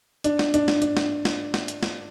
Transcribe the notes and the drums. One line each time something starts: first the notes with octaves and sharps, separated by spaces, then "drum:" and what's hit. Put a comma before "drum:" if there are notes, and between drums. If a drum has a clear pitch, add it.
D4, drum: hi-hat
drum: snare
D4, drum: hi-hat
drum: snare
D4, drum: hi-hat
drum: snare
drum: snare
drum: snare
drum: hi-hat
drum: snare